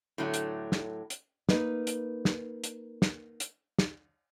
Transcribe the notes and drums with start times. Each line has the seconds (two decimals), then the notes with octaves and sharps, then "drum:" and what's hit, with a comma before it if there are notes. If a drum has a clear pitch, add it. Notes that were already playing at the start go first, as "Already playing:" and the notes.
0.18 A2 D3 F#3 A3
0.34 drum: hi-hat
0.72 drum: snare
1.10 drum: hi-hat
1.49 A#3 D#4 B4, drum: snare
1.87 drum: hi-hat
2.25 drum: snare
2.64 drum: hi-hat
3.02 drum: snare
3.40 drum: hi-hat
3.79 drum: snare